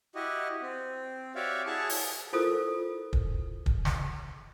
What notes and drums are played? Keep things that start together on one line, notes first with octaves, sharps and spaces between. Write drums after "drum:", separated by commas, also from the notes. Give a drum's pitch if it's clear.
E4 F#4 G4 D#5
C4
F#4 G4 C#5 D5 E5 F5
E4 F#4 G#4 C#5 A5 C#6
drum: open hi-hat
E4 F4 A4 A#4 C5 D#6
drum: kick
drum: kick
drum: snare